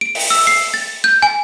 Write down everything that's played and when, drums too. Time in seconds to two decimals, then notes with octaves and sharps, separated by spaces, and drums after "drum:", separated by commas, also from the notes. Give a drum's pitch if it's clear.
0.01 D7
0.15 drum: open hi-hat
0.30 E6
0.47 C7
0.74 A6
1.04 G6
1.22 G#5